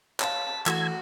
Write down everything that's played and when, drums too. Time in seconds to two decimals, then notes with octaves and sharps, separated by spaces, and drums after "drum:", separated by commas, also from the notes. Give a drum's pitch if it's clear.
0.20 C#5 F5 A5 B6, drum: clap
0.66 E3 A3 F#4 E6 G#6, drum: clap